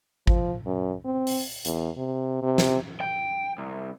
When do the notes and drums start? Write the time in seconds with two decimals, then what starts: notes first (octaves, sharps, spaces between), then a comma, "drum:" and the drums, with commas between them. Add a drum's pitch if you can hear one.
0.27 F3, drum: kick G#1
0.66 F#2
1.05 C4
1.27 drum: open hi-hat
1.65 E2, drum: hi-hat
1.97 C3
2.43 C3
2.58 drum: snare
3.01 G5
3.58 C2